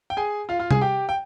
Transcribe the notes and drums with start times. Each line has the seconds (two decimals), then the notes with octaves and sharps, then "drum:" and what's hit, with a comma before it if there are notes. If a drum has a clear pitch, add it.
0.10 G5
0.17 G#4 G#5
0.49 F4 F5
0.59 F4 F5
0.71 G#4 G#5, drum: tom C3
0.81 G4 G5
1.09 G5